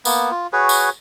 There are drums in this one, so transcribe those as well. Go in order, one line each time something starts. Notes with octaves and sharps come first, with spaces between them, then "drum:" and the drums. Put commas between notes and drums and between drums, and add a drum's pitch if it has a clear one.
A#3 B3, drum: tambourine
F4
F#4 G#4 B4 C#5
drum: tambourine